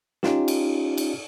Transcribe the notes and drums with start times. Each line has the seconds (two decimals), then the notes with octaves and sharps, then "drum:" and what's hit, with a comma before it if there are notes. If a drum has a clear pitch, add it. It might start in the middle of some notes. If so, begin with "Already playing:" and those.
0.23 C#4 D#4 F4 G4, drum: snare
0.48 drum: cymbal
0.98 drum: cymbal